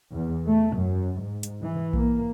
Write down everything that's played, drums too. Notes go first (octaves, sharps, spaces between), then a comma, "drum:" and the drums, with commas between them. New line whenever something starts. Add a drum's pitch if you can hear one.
E2
A3
F#2
G#2
drum: hi-hat
E3
A#3, drum: kick A#1